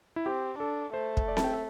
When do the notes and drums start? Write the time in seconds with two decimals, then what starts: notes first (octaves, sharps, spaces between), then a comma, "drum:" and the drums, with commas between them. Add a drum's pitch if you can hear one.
0.16 E4
0.26 C4 G4
0.59 D4 A4
0.94 A3 C5
1.17 drum: kick
1.28 D5
1.37 A5, drum: snare C4
1.44 G5
1.53 E5